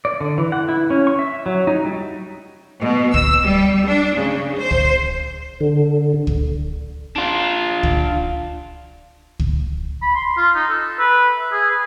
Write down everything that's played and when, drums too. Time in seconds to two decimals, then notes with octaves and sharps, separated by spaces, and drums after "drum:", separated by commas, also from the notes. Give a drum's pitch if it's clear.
0.05 D5
0.20 D3
0.38 E3
0.52 F#5
0.69 E4
0.90 C#4
1.07 C#6
1.19 E5
1.46 F#3
1.67 D#4
1.85 G3
2.82 B2
3.14 E6, drum: kick
3.44 G3
3.87 D4
4.17 C#3
4.58 C5
4.71 drum: kick
5.61 D3
6.27 drum: kick
7.16 D4 F4
7.83 drum: kick
9.39 drum: kick
10.02 B5
10.15 C6
10.37 F4
10.55 D#4
10.69 A4
10.99 B4
11.39 E5
11.52 G#4
11.71 B4